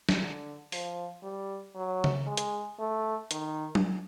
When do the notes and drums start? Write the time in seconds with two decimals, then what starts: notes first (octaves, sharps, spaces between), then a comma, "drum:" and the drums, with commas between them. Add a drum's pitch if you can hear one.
0.09 drum: snare
0.20 D3
0.72 F3, drum: open hi-hat
1.23 G3
1.75 F#3
2.04 drum: tom C#3
2.27 G#3
2.37 drum: hi-hat
2.79 A3
3.31 D#3, drum: hi-hat
3.75 drum: tom F#3